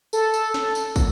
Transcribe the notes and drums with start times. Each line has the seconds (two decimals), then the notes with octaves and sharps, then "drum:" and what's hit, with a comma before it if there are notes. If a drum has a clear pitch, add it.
0.13 A4, drum: tambourine
0.34 drum: tambourine
0.54 drum: snare
0.75 drum: tambourine
0.96 drum: kick, tambourine